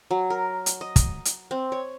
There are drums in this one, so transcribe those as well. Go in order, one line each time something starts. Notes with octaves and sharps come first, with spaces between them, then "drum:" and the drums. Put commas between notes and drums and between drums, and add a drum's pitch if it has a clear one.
F#3
A#4
drum: hi-hat
D#5
drum: kick, hi-hat
drum: hi-hat
C4
C#5